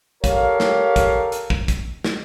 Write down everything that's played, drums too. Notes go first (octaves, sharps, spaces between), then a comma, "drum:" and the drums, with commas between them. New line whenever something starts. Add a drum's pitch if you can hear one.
G4 A4 A#4 C#5 F5, drum: kick, hi-hat
drum: snare
drum: kick, hi-hat
drum: hi-hat
drum: kick
drum: kick, hi-hat
drum: snare